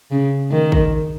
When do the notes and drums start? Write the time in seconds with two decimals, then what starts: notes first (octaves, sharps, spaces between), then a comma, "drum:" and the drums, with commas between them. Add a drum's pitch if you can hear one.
0.11 C#3
0.52 D#3
0.72 drum: kick